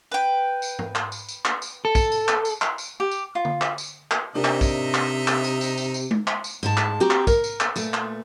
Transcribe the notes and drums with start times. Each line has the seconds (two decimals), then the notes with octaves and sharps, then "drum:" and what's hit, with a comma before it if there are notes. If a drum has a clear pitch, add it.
0.12 B4 G5
0.62 drum: tambourine
0.79 drum: tom
0.95 drum: clap
1.12 drum: tambourine
1.29 drum: tambourine
1.45 drum: clap
1.62 drum: tambourine
1.85 A4
1.95 drum: kick, tambourine
2.12 drum: tambourine
2.28 drum: clap
2.45 drum: tambourine
2.62 drum: clap
2.78 drum: tambourine
3.00 G4
3.11 drum: tambourine
3.35 F4
3.45 drum: tom D3
3.61 drum: clap
3.78 drum: tambourine
4.11 drum: clap
4.35 C3 D4 D#4 G4 A#4 D#5 E5
4.44 drum: clap
4.61 drum: kick, tambourine
4.94 drum: clap
5.28 drum: clap
5.44 drum: tambourine
5.61 drum: tambourine
5.77 drum: tambourine
5.94 drum: tambourine
6.11 drum: tom G#3
6.27 drum: clap
6.44 drum: tambourine
6.63 G#2 G#3 A5, drum: tambourine
6.77 drum: clap
7.00 C4 F#4 G4 A#5
7.11 drum: clap
7.27 A#4, drum: kick, tambourine
7.44 drum: tambourine
7.60 drum: clap
7.76 A#2 A3 B4, drum: tambourine
7.94 drum: clap